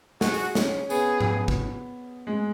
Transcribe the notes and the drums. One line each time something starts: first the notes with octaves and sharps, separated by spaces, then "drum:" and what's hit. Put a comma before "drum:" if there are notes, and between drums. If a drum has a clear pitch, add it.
F#4 G#4, drum: snare
drum: open hi-hat
C#4, drum: snare
B3 G#4, drum: tambourine
drum: tom G#2
drum: kick
G#3